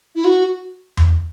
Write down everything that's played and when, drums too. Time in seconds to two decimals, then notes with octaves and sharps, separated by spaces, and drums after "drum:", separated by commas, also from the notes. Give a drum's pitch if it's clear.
0.15 E4
0.24 F#4
0.97 drum: tom E2